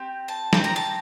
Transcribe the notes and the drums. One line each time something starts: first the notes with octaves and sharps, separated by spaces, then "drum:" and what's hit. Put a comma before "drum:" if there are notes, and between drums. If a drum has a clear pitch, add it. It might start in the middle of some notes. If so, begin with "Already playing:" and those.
Already playing: C4 G4
A5
C4 G4, drum: snare
A#5
A5